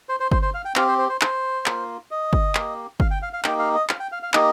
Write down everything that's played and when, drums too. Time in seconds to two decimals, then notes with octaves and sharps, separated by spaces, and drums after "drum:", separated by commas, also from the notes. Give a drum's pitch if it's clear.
0.09 C5
0.20 C5
0.32 C5, drum: kick G1
0.42 C5
0.54 F5
0.65 G5
0.76 C4 G4 F5, drum: clap
0.88 C5
0.99 C5
1.09 C5
1.21 C5, drum: clap
1.66 A#3 F4, drum: clap
2.11 D#5
2.33 drum: kick G1
2.55 A#3 G4, drum: clap
3.00 F5, drum: kick G1
3.11 G5
3.22 F5
3.33 F5
3.44 A#3 D#4 G4 G5, drum: clap
3.59 F5
3.75 D#5
3.89 F5, drum: clap
4.00 G5
4.12 F5
4.23 F5
4.34 A#3 D#4 G4 D#5, drum: clap